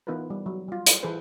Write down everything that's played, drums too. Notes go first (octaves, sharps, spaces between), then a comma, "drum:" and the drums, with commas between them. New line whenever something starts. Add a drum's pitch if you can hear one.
E3 B3 D#4 F4 A#4 B4
G3
F#3
G3 F4
E4, drum: hi-hat
E3 G#4 A4 B4 C5